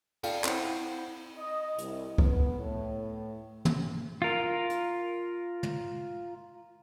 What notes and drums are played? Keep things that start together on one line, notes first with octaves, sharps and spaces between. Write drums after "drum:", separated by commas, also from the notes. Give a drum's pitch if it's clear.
F4 A4 D5 F5 G5, drum: cymbal
C4 E4 C5 F#5 G5, drum: clap
D#5
C2, drum: hi-hat
B3, drum: kick C2
A2
drum: tom
F4 A#4
drum: hi-hat
drum: tom